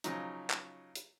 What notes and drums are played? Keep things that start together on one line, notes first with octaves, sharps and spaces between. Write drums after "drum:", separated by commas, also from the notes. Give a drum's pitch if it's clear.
C#3 F3 F#3 D#4, drum: hi-hat
drum: clap
drum: hi-hat